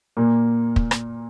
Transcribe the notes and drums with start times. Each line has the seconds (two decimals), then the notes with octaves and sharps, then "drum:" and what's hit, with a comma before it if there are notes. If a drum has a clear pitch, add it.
0.17 A#2 A#3
0.76 drum: kick
0.91 drum: rim click